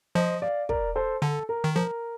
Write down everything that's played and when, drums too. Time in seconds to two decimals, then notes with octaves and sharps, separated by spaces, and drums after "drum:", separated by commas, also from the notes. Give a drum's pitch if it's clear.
0.15 F3 C5 D#5
0.42 D5 F5
0.69 A#4 D5, drum: kick
0.96 A4 C5
1.22 D3 A4
1.49 A#4
1.64 D#3
1.75 F3 A#4